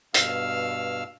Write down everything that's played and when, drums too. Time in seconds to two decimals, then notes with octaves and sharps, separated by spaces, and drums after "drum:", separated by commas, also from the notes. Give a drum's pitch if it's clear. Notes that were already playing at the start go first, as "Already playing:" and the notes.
0.14 G2 B2 F5 E6 F6, drum: hi-hat